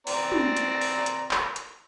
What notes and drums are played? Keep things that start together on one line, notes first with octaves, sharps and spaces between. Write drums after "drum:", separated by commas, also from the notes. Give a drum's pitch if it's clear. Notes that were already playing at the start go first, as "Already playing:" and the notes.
C4 D5 A#5, drum: open hi-hat
drum: tom
drum: hi-hat
drum: open hi-hat
drum: hi-hat
drum: clap
drum: hi-hat